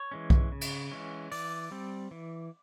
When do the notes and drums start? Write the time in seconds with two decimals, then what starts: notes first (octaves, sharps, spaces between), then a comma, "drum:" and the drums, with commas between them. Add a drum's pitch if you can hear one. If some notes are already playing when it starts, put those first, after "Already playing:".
Already playing: C#5
0.12 E3 G#3 C#4
0.30 drum: kick B1
0.52 C#3
0.61 drum: cymbal
0.92 E3 G#3 C#4
1.32 E3 D5, drum: open hi-hat
1.71 G3 C4
2.11 E3